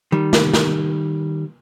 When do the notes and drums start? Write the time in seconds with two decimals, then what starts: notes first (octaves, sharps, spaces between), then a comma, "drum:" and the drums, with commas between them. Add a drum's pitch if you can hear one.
0.12 D#3 G3
0.33 drum: snare
0.54 drum: snare